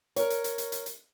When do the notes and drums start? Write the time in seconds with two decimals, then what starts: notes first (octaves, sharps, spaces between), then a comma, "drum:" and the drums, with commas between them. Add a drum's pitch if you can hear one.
0.16 A#4 C#5, drum: hi-hat
0.30 drum: hi-hat
0.44 drum: hi-hat
0.58 drum: hi-hat
0.72 drum: hi-hat
0.86 drum: hi-hat